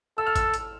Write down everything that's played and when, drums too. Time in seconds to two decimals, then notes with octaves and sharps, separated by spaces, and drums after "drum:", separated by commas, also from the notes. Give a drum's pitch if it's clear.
0.18 A4 E6
0.26 F6
0.36 E6, drum: kick, hi-hat
0.54 drum: hi-hat